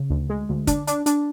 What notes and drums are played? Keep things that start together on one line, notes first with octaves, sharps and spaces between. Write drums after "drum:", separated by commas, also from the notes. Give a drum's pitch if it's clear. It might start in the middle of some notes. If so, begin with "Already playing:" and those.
Already playing: C#3
D2
G#3
D2
D4, drum: kick, hi-hat
D4, drum: hi-hat
D4, drum: hi-hat